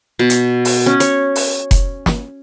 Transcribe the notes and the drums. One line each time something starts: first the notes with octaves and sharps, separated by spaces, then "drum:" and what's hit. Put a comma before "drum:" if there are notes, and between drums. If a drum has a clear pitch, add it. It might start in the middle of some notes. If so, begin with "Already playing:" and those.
B2
drum: hi-hat
drum: open hi-hat
C#4
C#5, drum: hi-hat
drum: open hi-hat
drum: kick F1, hi-hat
drum: snare